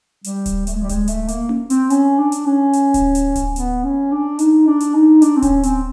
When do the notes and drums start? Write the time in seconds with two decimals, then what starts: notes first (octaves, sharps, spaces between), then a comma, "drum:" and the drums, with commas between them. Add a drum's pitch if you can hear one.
0.24 G3, drum: hi-hat
0.46 drum: kick D1, hi-hat
0.67 A3, drum: hi-hat
0.74 G#3
0.83 G3
0.89 G#3, drum: kick D1, hi-hat
1.08 A3, drum: hi-hat
1.28 A#3, drum: hi-hat
1.49 drum: tom C#4
1.70 C4, drum: hi-hat
1.90 C#4, drum: hi-hat
2.18 D4
2.32 drum: hi-hat
2.46 C#4
2.73 drum: hi-hat
2.94 drum: kick D1, hi-hat
3.15 drum: hi-hat
3.36 drum: kick D1, hi-hat
3.56 B3, drum: hi-hat
3.84 C#4
4.12 D4
4.39 D#4, drum: hi-hat
4.67 D4
4.80 drum: hi-hat
4.94 D#4
5.22 D4, drum: hi-hat
5.37 C4
5.42 C#4, drum: kick D1, hi-hat
5.63 C4, drum: hi-hat